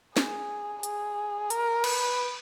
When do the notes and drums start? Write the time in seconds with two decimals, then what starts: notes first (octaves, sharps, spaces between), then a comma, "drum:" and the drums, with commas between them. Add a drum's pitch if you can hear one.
0.17 G#4, drum: snare
0.83 G#4, drum: hi-hat
1.50 A#4, drum: hi-hat
1.84 B4, drum: cymbal